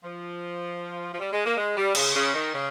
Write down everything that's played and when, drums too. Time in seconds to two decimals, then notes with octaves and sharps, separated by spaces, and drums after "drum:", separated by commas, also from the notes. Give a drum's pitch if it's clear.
0.03 F3
1.11 F3
1.19 G3
1.31 G#3
1.44 A#3
1.57 G#3
1.76 G3
1.95 C#3, drum: cymbal
2.14 C#3
2.33 D#3
2.53 C#3